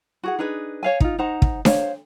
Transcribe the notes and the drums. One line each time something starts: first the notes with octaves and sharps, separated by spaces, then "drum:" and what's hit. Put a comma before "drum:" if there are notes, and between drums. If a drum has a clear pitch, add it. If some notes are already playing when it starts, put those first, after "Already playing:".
F#4 G#4 F#5
D4 D#4 G#4 B4
C#5 F5 G#5
D#4 F4, drum: kick
D#4 C5 F#5 A#5
drum: kick
C5 C#5 F5, drum: snare D4